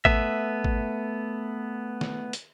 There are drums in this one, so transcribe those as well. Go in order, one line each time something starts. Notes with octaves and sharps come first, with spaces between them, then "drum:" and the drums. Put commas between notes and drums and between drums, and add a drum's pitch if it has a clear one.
A3 B3 E5, drum: kick
drum: kick
drum: snare
drum: hi-hat